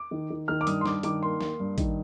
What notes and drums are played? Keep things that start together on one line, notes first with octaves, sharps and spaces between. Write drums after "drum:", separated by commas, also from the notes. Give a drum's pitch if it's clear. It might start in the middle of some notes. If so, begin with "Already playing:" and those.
Already playing: D6
D#3
D#3
D#3 F6
D6
G2 D#6, drum: hi-hat
C6
G2 D6, drum: snare
D#3 D6, drum: hi-hat
A#3 C6
A#3, drum: snare
G2
D#3, drum: kick, hi-hat